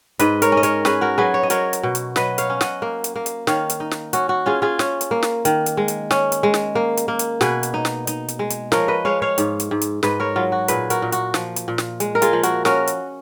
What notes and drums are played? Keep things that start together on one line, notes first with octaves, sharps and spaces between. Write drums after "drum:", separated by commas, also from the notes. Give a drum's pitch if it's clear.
G#2 B4 D#5, drum: hi-hat
A#4 C#5, drum: hi-hat
C#4
D#5
A#4 C#5, drum: hi-hat
C#4 G#4 B4, drum: snare
F#4 A#4
F#3 G#4 B4
C#5
D#5
F#3 A#4 C#5, drum: hi-hat
drum: hi-hat
B2
drum: hi-hat
F#3 B4 D#5, drum: snare
C#5 F5, drum: hi-hat
C#4
D#5 F#5, drum: snare
A#3
drum: hi-hat
A#3
drum: hi-hat
D#3 C#5 F5, drum: snare
drum: hi-hat
D#4
drum: snare
C#4 F#4, drum: hi-hat
F#4
C#4 F4 G#4
F4 G#4
C#4, drum: snare
drum: hi-hat
A#3
drum: snare
D#3, drum: hi-hat
drum: hi-hat
G#3
drum: hi-hat
C#4, drum: snare
drum: hi-hat
G#3
drum: snare
A#3
drum: hi-hat
A#3
drum: hi-hat
B2 G#4 B4, drum: snare
drum: hi-hat
D#4
drum: snare
D#4, drum: hi-hat
drum: hi-hat
G#3
drum: hi-hat
F3 A#4 C#5, drum: snare
B4 D#5
G#3 C#5 F5
C#5 F5
G#2, drum: hi-hat
drum: hi-hat
G#2
drum: hi-hat
G#2 B4 D#5, drum: snare
A#4 C#5
F#3 F4
F#4
A#2 G#4 B4, drum: hi-hat
F#4 A#4, drum: hi-hat
A#2
F#4, drum: hi-hat
F3, drum: snare
drum: hi-hat
A#2
drum: snare
G#3, drum: hi-hat
A#4
F4 G#4, drum: hi-hat
F3
F#4 A#4, drum: hi-hat
C#4 F#4 A#4, drum: snare
drum: hi-hat